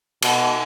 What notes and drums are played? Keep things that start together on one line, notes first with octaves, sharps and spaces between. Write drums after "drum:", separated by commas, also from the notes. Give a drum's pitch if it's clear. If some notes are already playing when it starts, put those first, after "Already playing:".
B2, drum: cymbal